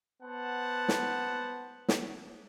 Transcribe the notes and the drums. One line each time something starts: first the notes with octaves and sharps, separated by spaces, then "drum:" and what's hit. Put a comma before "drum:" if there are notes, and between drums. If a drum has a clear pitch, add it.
B3 C5 F#5 A5
drum: snare
drum: snare